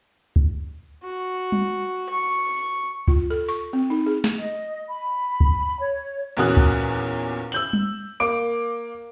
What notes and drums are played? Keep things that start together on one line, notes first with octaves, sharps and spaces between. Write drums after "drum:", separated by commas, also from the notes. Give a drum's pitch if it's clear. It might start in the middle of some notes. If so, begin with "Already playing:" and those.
drum: kick
F#4
drum: tom G3
C#6
F4, drum: kick
A4
C#6
C4
D#4
G#4
drum: snare
D#5
B5
drum: kick
C#5
E2 A#2 C#4 F#4 D#6 F#6
drum: kick
E6 G6 F#7
drum: tom G3
A#3 D6 D7